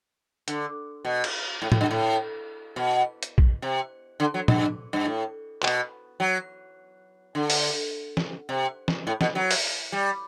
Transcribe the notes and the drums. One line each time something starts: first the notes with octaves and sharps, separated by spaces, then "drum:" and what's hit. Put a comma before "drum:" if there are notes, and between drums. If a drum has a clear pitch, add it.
D3, drum: hi-hat
B2
drum: cymbal
A2
A2, drum: tom A2
G2
A2
B2
drum: hi-hat
drum: kick A#1
C3
D3
F#3
G2, drum: tom
G2
A2
B2, drum: clap
F#3
D3
drum: open hi-hat
drum: snare
C3
drum: snare
A2
B2, drum: snare
F#3
drum: open hi-hat
G3